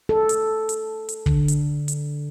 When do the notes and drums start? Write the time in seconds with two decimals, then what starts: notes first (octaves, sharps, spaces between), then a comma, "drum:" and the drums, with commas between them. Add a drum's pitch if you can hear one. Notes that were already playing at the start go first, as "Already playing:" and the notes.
0.09 A4
0.29 drum: hi-hat
0.69 drum: hi-hat
1.09 drum: hi-hat
1.26 D3, drum: kick
1.48 drum: hi-hat
1.88 drum: hi-hat